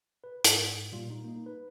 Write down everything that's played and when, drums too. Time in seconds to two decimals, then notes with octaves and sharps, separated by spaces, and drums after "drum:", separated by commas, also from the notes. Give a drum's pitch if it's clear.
0.24 B4
0.44 G#2, drum: hi-hat
0.93 A#2 G3 F4
1.10 D#4
1.24 A#3 D#4
1.46 B4